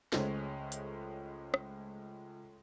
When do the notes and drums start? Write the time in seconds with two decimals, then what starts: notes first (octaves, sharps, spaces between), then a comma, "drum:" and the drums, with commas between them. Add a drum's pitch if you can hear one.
0.12 C#2 G#3 A3 C#4 C5, drum: snare
0.72 drum: hi-hat
1.54 drum: rim click